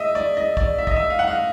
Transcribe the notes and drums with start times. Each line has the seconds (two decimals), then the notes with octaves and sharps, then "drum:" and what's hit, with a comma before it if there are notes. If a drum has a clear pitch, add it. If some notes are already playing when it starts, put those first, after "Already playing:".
Already playing: D#5 E5
0.15 D5
0.37 D#5
0.57 D5, drum: kick
0.78 E5
0.87 D#5, drum: kick
0.96 E5
1.10 F5
1.19 F#5
1.28 F5